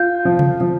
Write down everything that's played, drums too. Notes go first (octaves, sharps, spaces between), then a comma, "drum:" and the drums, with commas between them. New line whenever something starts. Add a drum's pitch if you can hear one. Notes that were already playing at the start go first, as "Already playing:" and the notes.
Already playing: F4 G6
F3
drum: tom C3
F3